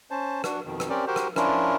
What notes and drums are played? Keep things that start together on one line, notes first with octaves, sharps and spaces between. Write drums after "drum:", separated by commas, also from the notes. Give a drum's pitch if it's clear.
C#4 C5 A5
D4 F#4, drum: rim click
F2 B2 D#3
drum: rim click
C4 C#4 G4 A#4 D5
F#4 G4 A#4 C5
drum: rim click
F3 C#4 D4 E4 F4 A#4, drum: rim click